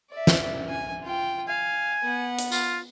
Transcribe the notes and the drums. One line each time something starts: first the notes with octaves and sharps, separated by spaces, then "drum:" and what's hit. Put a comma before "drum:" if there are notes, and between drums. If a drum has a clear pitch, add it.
D5 E5
drum: snare
G#5
F4 G5
F5 G#5
B3 F#5
drum: hi-hat
F4, drum: tambourine